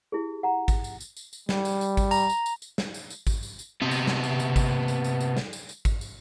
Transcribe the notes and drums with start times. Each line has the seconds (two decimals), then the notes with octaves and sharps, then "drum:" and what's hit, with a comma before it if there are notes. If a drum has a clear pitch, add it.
0.12 E4 G4 G#4
0.43 F#5 A#5
0.68 drum: kick G#1, tambourine
0.84 drum: tambourine
1.00 drum: tambourine
1.17 drum: tambourine
1.33 drum: tambourine
1.49 G3, drum: snare
1.65 drum: tambourine
1.81 drum: tambourine
1.97 drum: kick G#1, tambourine
2.11 A#5, drum: tambourine
2.30 drum: tambourine
2.46 drum: tambourine
2.62 drum: tambourine
2.78 drum: snare
2.94 drum: tambourine
3.10 drum: tambourine
3.27 drum: kick G#1, tambourine
3.43 drum: tambourine
3.59 drum: tambourine
3.82 C3 B3
3.91 drum: tambourine
4.07 drum: snare
4.24 drum: tambourine
4.40 drum: tambourine
4.56 drum: kick G#1, tambourine
4.88 drum: tambourine
5.04 drum: tambourine
5.20 drum: tambourine
5.37 drum: snare
5.53 drum: tambourine
5.69 drum: tambourine
5.85 drum: kick G#1, tambourine
6.01 drum: tambourine